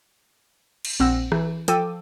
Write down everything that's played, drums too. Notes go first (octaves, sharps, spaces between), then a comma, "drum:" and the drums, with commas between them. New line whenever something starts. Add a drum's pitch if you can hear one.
drum: cymbal
A#1 C4 F#5 E6 A#6
E3, drum: rim click
F3 A4 G5 D6 E6 D#7, drum: hi-hat